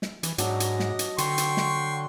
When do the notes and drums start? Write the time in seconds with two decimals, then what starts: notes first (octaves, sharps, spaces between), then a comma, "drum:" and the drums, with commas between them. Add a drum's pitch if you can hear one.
0.02 drum: snare
0.23 E3, drum: hi-hat
0.38 G#2 F#3 D4 D#5, drum: hi-hat
0.60 drum: hi-hat
0.80 drum: snare
0.99 drum: hi-hat
1.18 D3 G5 C6 C#6, drum: hi-hat
1.38 drum: hi-hat
1.57 drum: snare